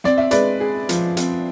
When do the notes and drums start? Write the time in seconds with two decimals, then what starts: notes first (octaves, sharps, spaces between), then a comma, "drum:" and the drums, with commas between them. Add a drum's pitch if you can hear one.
0.04 C4 D5, drum: snare
0.18 E5
0.31 G#3 B4 D5, drum: hi-hat
0.60 G#4
0.89 F3, drum: hi-hat
1.17 C4, drum: hi-hat